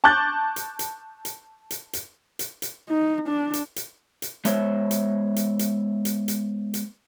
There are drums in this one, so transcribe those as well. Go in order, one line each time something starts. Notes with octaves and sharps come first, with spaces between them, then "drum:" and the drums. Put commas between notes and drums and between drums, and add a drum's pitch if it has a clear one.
A5 C#6 D6 F#6 G6 A6
drum: hi-hat
drum: hi-hat
drum: hi-hat
drum: hi-hat
drum: hi-hat
drum: hi-hat
drum: hi-hat
D#4
D4
drum: hi-hat
drum: hi-hat
drum: hi-hat
G#3 B3 C5 C#5 E5, drum: hi-hat
drum: hi-hat
drum: hi-hat
drum: hi-hat
drum: hi-hat
drum: hi-hat
drum: hi-hat